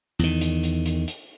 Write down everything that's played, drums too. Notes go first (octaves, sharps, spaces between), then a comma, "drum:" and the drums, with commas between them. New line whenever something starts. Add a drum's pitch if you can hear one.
E2 D#3, drum: hi-hat
drum: hi-hat
drum: hi-hat
drum: hi-hat
drum: hi-hat